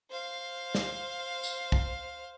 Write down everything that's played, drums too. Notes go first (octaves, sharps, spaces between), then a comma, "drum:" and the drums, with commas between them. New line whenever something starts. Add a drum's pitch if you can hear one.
C5 F5
drum: snare
drum: tambourine
drum: kick